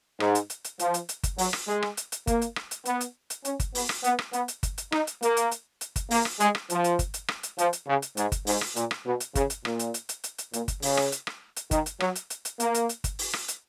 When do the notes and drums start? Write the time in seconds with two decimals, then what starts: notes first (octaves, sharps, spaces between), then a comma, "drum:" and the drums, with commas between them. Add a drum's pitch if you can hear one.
0.20 G#2, drum: rim click
0.35 drum: hi-hat
0.50 drum: hi-hat
0.64 drum: hi-hat
0.79 F3, drum: hi-hat
0.94 drum: hi-hat
1.09 drum: hi-hat
1.23 drum: kick G1, hi-hat
1.38 F#3, drum: open hi-hat
1.53 drum: rim click
1.68 G#3
1.82 drum: rim click
1.97 drum: hi-hat
2.12 drum: hi-hat
2.27 A#3, drum: kick G1, hi-hat
2.42 drum: hi-hat
2.56 drum: rim click
2.71 drum: hi-hat
2.85 B3, drum: hi-hat
3.01 drum: hi-hat
3.30 drum: hi-hat
3.45 C#4, drum: hi-hat
3.60 drum: kick G1, hi-hat
3.75 B3, drum: open hi-hat
3.89 drum: rim click
4.04 B3, drum: hi-hat
4.19 drum: rim click
4.33 B3, drum: hi-hat
4.48 drum: hi-hat
4.63 drum: kick G1, hi-hat
4.78 drum: hi-hat
4.92 D#4, drum: rim click
5.07 drum: hi-hat
5.22 A#3, drum: hi-hat
5.37 drum: hi-hat
5.51 drum: hi-hat
5.81 drum: hi-hat
5.96 drum: kick G1, hi-hat
6.11 A#3, drum: open hi-hat
6.25 drum: rim click
6.40 G#3, drum: hi-hat
6.55 drum: rim click
6.70 F3, drum: hi-hat
6.84 drum: hi-hat
6.99 drum: kick G1, hi-hat
7.14 drum: hi-hat
7.28 drum: rim click
7.43 drum: hi-hat
7.58 F3, drum: hi-hat
7.73 drum: hi-hat
7.87 C#3
8.02 drum: hi-hat
8.17 G#2, drum: hi-hat
8.32 drum: kick G1, hi-hat
8.47 G#2, drum: open hi-hat
8.61 drum: rim click
8.76 A#2, drum: hi-hat
8.91 drum: rim click
9.06 B2
9.20 drum: hi-hat
9.35 C#3, drum: kick G1, hi-hat
9.50 drum: hi-hat
9.65 A#2, drum: rim click
9.79 drum: hi-hat
9.94 drum: hi-hat
10.09 drum: hi-hat
10.24 drum: hi-hat
10.38 drum: hi-hat
10.53 A#2, drum: hi-hat
10.68 drum: kick G1, hi-hat
10.82 C#3, drum: open hi-hat
10.97 drum: rim click
11.12 drum: hi-hat
11.27 drum: rim click
11.56 drum: hi-hat
11.71 D#3, drum: kick G1, hi-hat
11.86 drum: hi-hat
12.00 F#3, drum: rim click
12.15 drum: hi-hat
12.30 drum: hi-hat
12.45 drum: hi-hat
12.60 A#3, drum: hi-hat
12.74 drum: hi-hat
12.89 drum: hi-hat
13.04 drum: kick G1, hi-hat
13.19 drum: open hi-hat
13.33 drum: rim click
13.48 drum: hi-hat